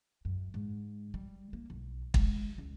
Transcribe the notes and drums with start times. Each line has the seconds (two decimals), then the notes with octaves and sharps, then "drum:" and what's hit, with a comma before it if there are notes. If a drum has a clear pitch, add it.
0.25 F#2
0.54 G#2
1.14 G3
1.53 A#3
1.70 B1
2.14 G#3, drum: kick
2.58 C#2